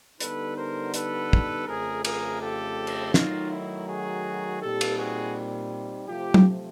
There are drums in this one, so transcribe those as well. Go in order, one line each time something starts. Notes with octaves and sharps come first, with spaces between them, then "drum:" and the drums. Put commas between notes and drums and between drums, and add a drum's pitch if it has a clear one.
D3 G3 B3 D#4 A4 B4, drum: hi-hat
A#4 C5
A4 B4, drum: hi-hat
drum: kick
F2 C#3 F3 A3 G#4 A#4
G#4 A#4, drum: cymbal
G4 A4
drum: cymbal
D#3 F#3 A3 D#4 F4, drum: snare
E4
F#4 G#4
A#2 G3 C4 D#4 G4 A4
drum: cymbal
F#4 G#4
C3 F3 A3 F4 G4
drum: tom F#3